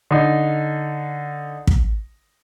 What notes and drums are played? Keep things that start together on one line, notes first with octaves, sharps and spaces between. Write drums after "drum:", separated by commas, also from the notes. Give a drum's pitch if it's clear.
D3 D#4
drum: kick